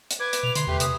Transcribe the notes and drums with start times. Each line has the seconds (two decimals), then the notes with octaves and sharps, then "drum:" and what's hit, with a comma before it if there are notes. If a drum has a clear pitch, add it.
0.11 drum: hi-hat
0.20 B4 D6 G#6
0.33 drum: hi-hat
0.43 B2 F7
0.55 D3 C6, drum: hi-hat
0.67 E2 A3 G4 B4
0.80 C3 D#6, drum: hi-hat